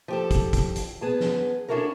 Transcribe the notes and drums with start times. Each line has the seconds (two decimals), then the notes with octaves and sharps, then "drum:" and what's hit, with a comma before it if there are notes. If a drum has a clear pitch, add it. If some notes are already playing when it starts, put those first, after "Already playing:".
0.08 F3 G4 A4
0.31 drum: kick, hi-hat
0.53 drum: kick, hi-hat
0.76 drum: hi-hat
1.01 B3 G#4 A5
1.20 drum: snare
1.68 C#4 D4 E4 F#4 A4 A#4